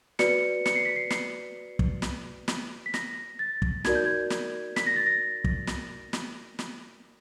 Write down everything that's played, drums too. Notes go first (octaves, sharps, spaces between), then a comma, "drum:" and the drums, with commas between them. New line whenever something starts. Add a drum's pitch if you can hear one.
F#4 B4 D5 C#7, drum: snare
C#7, drum: snare
C7
B6
C7
C7, drum: snare
drum: kick
drum: snare
drum: snare
B6
A#6, drum: snare
A6
drum: kick
D#4 F#4 A#4 D5 G#6, drum: snare
G6
G#6
drum: snare
B6, drum: snare
A#6
A6
A#6
drum: kick
drum: snare
drum: snare
drum: snare